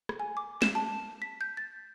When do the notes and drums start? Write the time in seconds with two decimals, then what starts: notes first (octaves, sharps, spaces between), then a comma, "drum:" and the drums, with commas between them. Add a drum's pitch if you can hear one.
0.09 drum: rim click
0.20 G#5
0.37 D6
0.62 E7, drum: snare
0.75 A5
1.22 B6
1.41 G6
1.57 A6